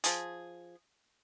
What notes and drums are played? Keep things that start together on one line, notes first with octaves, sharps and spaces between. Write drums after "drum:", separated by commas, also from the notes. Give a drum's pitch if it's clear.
F3 G#4, drum: hi-hat